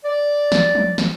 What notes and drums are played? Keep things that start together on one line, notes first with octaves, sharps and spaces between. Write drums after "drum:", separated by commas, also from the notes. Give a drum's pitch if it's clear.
D5
drum: snare
drum: tom
drum: snare